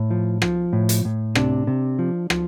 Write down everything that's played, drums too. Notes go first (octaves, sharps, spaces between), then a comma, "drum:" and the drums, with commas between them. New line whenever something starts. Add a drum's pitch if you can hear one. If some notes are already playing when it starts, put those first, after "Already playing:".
Already playing: A2
F3
F3, drum: rim click
A2
drum: hi-hat
A2
C3 D4, drum: rim click
C3
F3
F3, drum: rim click